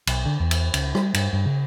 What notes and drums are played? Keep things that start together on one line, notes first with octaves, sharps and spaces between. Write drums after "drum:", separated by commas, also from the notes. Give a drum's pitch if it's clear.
B1, drum: cymbal
D3
E2
drum: cymbal
C#2, drum: cymbal
G3, drum: rim click
G2, drum: cymbal
G2
C#3